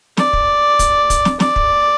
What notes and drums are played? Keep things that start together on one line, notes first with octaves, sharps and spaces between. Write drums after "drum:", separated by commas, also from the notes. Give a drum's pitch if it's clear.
D5, drum: snare
drum: kick
drum: kick, hi-hat
drum: kick, hi-hat
drum: snare
D5, drum: snare
drum: kick